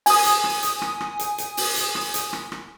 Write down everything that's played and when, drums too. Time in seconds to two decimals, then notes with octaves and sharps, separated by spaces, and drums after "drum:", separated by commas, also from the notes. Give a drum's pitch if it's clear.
0.06 G#5 D#6, drum: open hi-hat
0.25 drum: hi-hat
0.44 drum: rim click
0.63 drum: hi-hat
0.82 drum: rim click
1.01 drum: rim click
1.19 drum: hi-hat
1.38 drum: hi-hat
1.57 drum: open hi-hat
1.76 drum: hi-hat
1.95 drum: rim click
2.14 drum: hi-hat
2.33 drum: rim click
2.52 drum: rim click